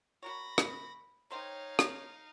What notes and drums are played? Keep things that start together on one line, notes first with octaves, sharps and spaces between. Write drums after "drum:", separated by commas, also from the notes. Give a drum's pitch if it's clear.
F#4 A#4 C#5 B5 A#6
drum: rim click
D#4 A#4 C5 C#5 F5 G5
drum: rim click